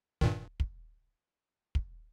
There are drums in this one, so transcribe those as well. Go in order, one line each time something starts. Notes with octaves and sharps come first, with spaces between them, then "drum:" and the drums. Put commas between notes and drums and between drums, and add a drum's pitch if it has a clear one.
G2 A#2 D#3, drum: kick
drum: kick
drum: kick